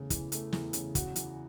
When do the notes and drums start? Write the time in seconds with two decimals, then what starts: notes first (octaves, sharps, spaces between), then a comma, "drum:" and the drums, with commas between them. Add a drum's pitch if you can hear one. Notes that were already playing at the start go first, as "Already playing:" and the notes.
Already playing: E2 C#3 E3 A3
0.10 E3, drum: kick, hi-hat
0.32 A3, drum: hi-hat
0.53 E2, drum: snare
0.73 C#3, drum: hi-hat
0.95 F#4, drum: kick, hi-hat
1.16 E3, drum: hi-hat